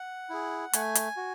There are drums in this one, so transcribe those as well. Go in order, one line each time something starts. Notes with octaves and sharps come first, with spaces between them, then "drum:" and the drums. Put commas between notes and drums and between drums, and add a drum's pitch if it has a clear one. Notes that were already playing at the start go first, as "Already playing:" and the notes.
Already playing: F#5
E4 G#4
A3 G#5, drum: hi-hat
drum: hi-hat
F#4